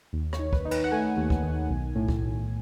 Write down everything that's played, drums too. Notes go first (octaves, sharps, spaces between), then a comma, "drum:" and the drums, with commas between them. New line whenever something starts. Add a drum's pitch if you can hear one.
D#2
C#5, drum: rim click
D#3
B4, drum: kick
D#4
B4, drum: cymbal
F#5
A3 G#5
D#2
drum: kick
D#3
B1
A2
drum: kick
B1